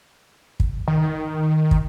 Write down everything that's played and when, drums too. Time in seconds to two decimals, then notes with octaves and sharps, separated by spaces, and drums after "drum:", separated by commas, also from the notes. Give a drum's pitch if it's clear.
0.60 drum: kick
0.88 D#3
1.71 drum: kick